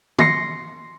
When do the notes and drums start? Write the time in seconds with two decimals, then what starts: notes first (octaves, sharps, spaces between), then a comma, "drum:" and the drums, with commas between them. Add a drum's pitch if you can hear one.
0.19 C6 A#6 C7 C#7, drum: tom